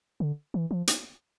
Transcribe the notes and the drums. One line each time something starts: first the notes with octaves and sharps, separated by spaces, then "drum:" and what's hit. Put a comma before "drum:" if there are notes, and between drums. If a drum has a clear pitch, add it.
D3
E3
F3
drum: hi-hat